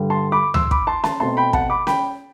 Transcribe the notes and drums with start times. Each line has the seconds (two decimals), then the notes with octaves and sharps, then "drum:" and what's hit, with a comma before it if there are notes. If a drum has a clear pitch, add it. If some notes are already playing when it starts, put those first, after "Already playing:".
Already playing: G2 D3 G3
0.10 A5 C6
0.32 B5 D6
0.54 C6 E6, drum: tom D2
0.71 B5 D6, drum: kick
0.87 A5 C6
1.04 A5 C6, drum: snare C#4
1.20 B2 A3 C4 A5 C6
1.37 G5 B5
1.53 F#5 A5, drum: kick
1.70 B5 D6
1.87 G5 B5, drum: snare C#4